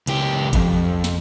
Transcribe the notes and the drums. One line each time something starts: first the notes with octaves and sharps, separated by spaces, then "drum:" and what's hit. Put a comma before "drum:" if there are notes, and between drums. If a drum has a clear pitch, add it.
C#2 G4, drum: hi-hat
B1 F2, drum: kick, hi-hat
drum: snare